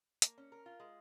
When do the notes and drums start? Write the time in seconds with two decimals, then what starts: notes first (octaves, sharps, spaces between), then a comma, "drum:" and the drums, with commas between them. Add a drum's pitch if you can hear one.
0.22 A#3, drum: hi-hat
0.38 C#4
0.52 A#4
0.66 F4
0.80 G#3